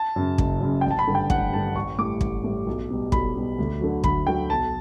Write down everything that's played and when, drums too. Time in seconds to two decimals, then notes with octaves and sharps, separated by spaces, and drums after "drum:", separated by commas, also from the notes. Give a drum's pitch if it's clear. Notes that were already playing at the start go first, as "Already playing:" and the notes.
Already playing: A5
0.16 F#2 C#3
0.38 F#1, drum: kick
0.61 F#2 C#3
0.81 A1 G5
0.91 A5
0.99 B5
1.07 G2 D3
1.15 G5
1.30 A1 F#5, drum: kick
1.53 G2 D3 A5
1.75 A1 C#6
1.99 A2 G3 D6
2.21 A1, drum: kick
2.44 A2 G3
2.66 B1
2.90 B2 G3
3.12 B1 B5, drum: kick
3.36 B2 G3
3.59 D2
3.81 D3 F#3
4.04 D2 B5, drum: kick
4.27 D3 F#3 G5
4.50 B1 A5